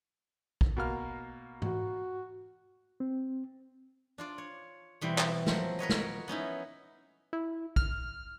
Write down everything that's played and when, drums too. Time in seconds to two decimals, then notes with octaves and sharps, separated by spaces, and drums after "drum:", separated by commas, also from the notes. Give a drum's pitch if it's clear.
0.61 drum: kick
0.77 B2 A#3 F6
1.62 F#4, drum: tom G#2
3.00 C4
4.18 D4 F4 D5
4.38 C#5
5.01 B2 E3 G3 C4
5.18 drum: clap
5.46 F3 F#3, drum: snare
5.79 A#4 B4 C#5 D#5
5.89 drum: snare
6.28 B3 C#4 D#4 E4
7.33 E4
7.76 F6, drum: kick